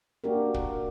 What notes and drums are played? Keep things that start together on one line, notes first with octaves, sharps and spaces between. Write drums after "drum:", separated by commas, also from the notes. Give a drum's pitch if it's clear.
A#3 D4 F#4 G4 A#4
drum: kick